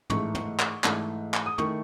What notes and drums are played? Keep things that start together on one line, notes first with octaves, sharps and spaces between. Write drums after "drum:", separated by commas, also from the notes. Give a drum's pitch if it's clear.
G#2 E3 A3 C#6, drum: tom
drum: tom
drum: clap
G#2 E3 A3, drum: clap
drum: clap
D#6
D#3 A3 E4 C#6, drum: tom